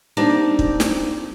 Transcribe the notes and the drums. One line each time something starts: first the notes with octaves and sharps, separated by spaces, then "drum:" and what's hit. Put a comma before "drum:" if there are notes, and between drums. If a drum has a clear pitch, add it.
G3 A#3 C4 D4 D#4
drum: kick
drum: snare